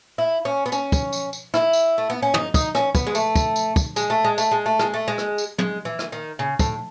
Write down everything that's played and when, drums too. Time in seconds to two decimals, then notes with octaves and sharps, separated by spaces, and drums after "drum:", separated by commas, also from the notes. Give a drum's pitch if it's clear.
0.18 E4
0.45 C#4
0.66 B3
0.72 C#4, drum: tambourine
0.92 drum: kick, tambourine
1.13 drum: tambourine
1.33 drum: tambourine
1.54 E4, drum: rim click
1.73 drum: tambourine
1.98 A3
2.10 B3
2.22 C#4
2.34 D#4, drum: tom
2.54 D#4, drum: kick, tambourine
2.75 C#4, drum: rim click
2.95 B3, drum: kick, tambourine
3.07 G#3
3.15 A3, drum: tambourine
3.35 drum: kick, tambourine
3.56 drum: tambourine
3.76 drum: kick, tambourine
3.96 G#3, drum: tambourine
4.10 A3
4.24 G#3
4.38 A3, drum: tambourine
4.52 G#3
4.66 A3
4.79 G#3, drum: rim click
4.94 A3
5.08 G#3
5.18 drum: rim click
5.38 drum: tambourine
5.59 G#3, drum: tom
5.85 E3
5.99 drum: rim click
6.12 D#3
6.39 C#3
6.59 A2, drum: kick, tambourine